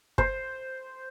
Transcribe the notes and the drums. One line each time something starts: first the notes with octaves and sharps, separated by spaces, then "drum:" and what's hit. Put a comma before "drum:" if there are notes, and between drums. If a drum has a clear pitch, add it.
C5, drum: kick